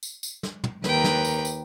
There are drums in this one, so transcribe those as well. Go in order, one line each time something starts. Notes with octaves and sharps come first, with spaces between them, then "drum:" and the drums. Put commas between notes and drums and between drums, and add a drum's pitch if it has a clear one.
drum: tambourine
drum: tambourine
drum: snare
drum: tom
D#2 A#4 B4 G5, drum: snare
drum: snare
drum: tambourine
drum: tambourine